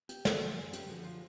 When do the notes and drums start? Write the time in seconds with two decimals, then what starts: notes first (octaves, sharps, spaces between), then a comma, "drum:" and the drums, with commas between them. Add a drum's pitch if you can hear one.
0.09 G4, drum: hi-hat
0.25 D3 F3 F#4, drum: snare
0.57 F#2 G#4
0.73 G4, drum: hi-hat
0.89 D3 F3 F#4
1.05 F4